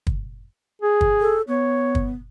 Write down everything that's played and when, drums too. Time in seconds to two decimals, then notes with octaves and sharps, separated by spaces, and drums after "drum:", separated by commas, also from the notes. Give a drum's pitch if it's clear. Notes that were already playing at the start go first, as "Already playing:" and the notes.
0.07 drum: kick
0.82 G#4
1.01 drum: kick
1.21 A4
1.48 B3 C#5
1.95 drum: kick